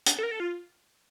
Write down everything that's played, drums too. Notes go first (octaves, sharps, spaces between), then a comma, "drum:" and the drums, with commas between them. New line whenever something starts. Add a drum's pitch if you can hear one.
drum: hi-hat
A4
A#4
A4
F4